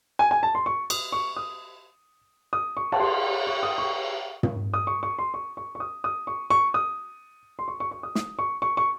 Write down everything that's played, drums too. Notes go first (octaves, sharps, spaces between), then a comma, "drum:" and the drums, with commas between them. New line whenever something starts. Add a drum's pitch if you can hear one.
G#5
G#5
A5
C6
C#6
D#6, drum: cymbal
C#6
D#6
D#6
C#6
A5, drum: cymbal
C6
C#6
D#6
C#6
drum: tom
D#6
C#6
C#6
C6
C#6
C#6
C#6
D#6
D#6
C#6
C#6
D#6
C6
C#6
C#6
C#6
D#6
D#6, drum: snare
C#6
C#6
C#6